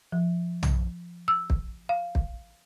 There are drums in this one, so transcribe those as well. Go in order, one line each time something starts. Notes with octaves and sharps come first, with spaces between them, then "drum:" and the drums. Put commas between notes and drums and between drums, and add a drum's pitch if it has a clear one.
F3
drum: tom
E6
drum: kick
F5
drum: kick